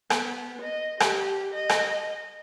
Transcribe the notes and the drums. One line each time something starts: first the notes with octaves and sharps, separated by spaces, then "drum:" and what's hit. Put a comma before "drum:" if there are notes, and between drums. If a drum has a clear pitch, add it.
B3, drum: rim click
D#5
G4, drum: rim click
D#5
drum: rim click